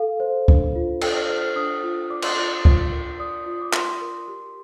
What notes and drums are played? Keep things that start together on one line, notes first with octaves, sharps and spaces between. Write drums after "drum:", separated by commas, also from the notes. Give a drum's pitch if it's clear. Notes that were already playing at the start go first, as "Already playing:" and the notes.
Already playing: A4 F5
C5
D4, drum: kick
F4
A4 G5, drum: cymbal
F6
C5 F6
F6
D4 D#6
F4
D5 D6
C6, drum: cymbal
D6
F4
F4, drum: kick
A#4
D5 D#6
F4 D#6
D6
F4 C6, drum: clap
A#4
G4